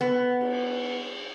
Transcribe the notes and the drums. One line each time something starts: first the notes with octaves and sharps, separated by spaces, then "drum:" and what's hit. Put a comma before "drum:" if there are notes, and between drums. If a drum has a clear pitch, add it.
B3
drum: cymbal